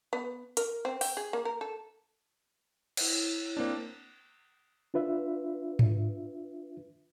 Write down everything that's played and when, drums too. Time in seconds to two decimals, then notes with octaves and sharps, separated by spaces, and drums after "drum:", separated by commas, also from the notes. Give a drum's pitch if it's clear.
0.13 B3
0.57 A#4, drum: hi-hat
0.85 C4
1.01 G5, drum: open hi-hat
1.17 G#4
1.33 A#3
1.45 A#4
1.61 A4
2.97 E4 C#5, drum: cymbal
3.57 A#3 C4 D4
4.94 D4 F4 B4 E5
5.79 drum: tom G#2